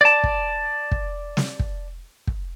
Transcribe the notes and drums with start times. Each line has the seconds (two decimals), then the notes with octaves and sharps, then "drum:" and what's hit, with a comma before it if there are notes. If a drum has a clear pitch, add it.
0.01 D5 A5
0.24 drum: kick
0.92 drum: kick
1.37 drum: snare
1.59 drum: kick
2.27 drum: kick